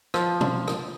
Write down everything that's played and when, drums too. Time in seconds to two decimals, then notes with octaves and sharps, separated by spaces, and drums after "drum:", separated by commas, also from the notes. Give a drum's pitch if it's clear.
0.14 F3, drum: rim click
0.41 drum: tom
0.68 drum: rim click